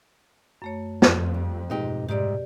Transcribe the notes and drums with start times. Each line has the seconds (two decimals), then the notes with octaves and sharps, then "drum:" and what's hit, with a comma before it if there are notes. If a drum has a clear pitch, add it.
0.62 F#2 A3 C#5
1.02 F2, drum: snare
1.34 G3
1.70 G#2 B2 G#3 D#4 G4 D#5
2.09 G#2 C3 G3 G4 D5